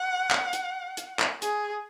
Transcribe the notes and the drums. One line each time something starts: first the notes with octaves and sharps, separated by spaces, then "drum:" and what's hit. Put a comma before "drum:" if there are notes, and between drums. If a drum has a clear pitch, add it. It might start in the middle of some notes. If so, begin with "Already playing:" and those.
Already playing: F#5
drum: clap
drum: hi-hat
drum: hi-hat
drum: clap
G#4, drum: hi-hat